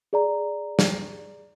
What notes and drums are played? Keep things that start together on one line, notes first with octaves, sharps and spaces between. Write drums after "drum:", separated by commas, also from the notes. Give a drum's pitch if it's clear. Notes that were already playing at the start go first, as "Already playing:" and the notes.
G#4 D5 A#5
drum: snare